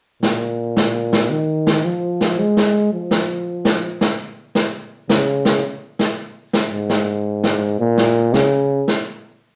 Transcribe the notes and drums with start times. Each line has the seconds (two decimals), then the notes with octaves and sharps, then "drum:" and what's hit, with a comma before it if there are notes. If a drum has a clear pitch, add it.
0.23 A#2, drum: snare
0.77 drum: snare
1.13 drum: snare
1.30 D#3
1.67 drum: snare
1.85 F3
2.21 drum: snare
2.39 G#3
2.57 drum: snare
2.93 F3
3.11 drum: snare
3.65 drum: snare
4.01 drum: snare
4.55 drum: snare
5.09 C#3, drum: snare
5.45 drum: snare
5.99 drum: snare
6.53 drum: snare
6.71 G#2
6.89 drum: snare
7.44 drum: snare
7.80 A#2
7.98 drum: snare
8.34 C#3, drum: snare
8.88 drum: snare